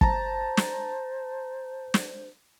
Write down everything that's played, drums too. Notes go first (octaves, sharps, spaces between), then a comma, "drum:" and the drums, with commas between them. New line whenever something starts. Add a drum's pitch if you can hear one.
C5 A5 A#5, drum: kick
drum: snare
drum: snare